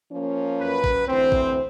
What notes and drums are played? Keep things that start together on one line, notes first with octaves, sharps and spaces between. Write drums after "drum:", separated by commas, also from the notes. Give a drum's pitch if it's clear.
F3 A#3 C#4
F#2 B4
drum: kick A1
D2 E3 C4 C5
drum: kick A1